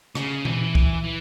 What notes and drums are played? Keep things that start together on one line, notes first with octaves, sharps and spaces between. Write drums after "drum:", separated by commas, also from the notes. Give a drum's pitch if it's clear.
C#3, drum: rim click
E3, drum: tom A#2
drum: kick
E3